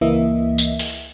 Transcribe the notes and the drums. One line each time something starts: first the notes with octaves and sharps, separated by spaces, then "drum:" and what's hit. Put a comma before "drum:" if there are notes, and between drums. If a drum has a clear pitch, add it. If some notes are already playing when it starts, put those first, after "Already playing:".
C#2 E3 A#3 D#5 E5
drum: tambourine
drum: open hi-hat